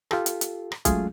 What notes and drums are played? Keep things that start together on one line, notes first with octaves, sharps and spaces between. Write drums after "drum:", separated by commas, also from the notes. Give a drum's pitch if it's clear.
F4 G4 A4, drum: rim click
drum: hi-hat
drum: hi-hat
drum: rim click
F#3 G#3 A3 C#4 F4 G#4, drum: kick, hi-hat